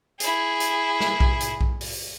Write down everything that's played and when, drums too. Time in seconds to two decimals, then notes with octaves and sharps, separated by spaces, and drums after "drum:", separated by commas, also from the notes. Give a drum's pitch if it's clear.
0.20 E4 G#4, drum: hi-hat
0.60 drum: hi-hat
1.00 drum: snare
1.20 drum: kick B1
1.41 drum: hi-hat
1.61 drum: kick B1
1.81 drum: open hi-hat